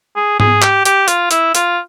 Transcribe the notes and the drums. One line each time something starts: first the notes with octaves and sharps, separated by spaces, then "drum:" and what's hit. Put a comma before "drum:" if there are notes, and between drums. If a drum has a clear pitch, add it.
G#4
G#4, drum: tom G#2
G4, drum: clap
G4, drum: hi-hat
F4, drum: hi-hat
E4, drum: hi-hat
F4, drum: hi-hat